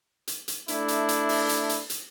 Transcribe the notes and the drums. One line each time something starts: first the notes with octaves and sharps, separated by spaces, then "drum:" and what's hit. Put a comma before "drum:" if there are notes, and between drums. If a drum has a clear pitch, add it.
drum: hi-hat
drum: hi-hat
A3 D4 E4, drum: hi-hat
drum: hi-hat
drum: hi-hat
drum: open hi-hat
drum: hi-hat
drum: hi-hat
drum: hi-hat